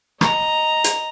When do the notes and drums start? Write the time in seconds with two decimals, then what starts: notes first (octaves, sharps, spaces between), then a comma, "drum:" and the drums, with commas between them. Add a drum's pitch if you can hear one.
0.21 D#5 A#5, drum: rim click
0.84 drum: hi-hat